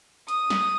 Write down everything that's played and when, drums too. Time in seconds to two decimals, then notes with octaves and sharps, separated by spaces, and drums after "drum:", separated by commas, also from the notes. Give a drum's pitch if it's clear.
0.28 D#6, drum: hi-hat
0.50 drum: snare